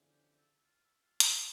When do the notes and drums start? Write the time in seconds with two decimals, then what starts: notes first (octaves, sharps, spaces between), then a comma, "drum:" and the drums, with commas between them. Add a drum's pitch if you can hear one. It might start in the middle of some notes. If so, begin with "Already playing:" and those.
Already playing: E2 D3 F3 C#4 E4
0.10 G4
0.36 A4
0.58 E4
0.62 F4
0.82 E4
1.01 F4
1.20 D4, drum: hi-hat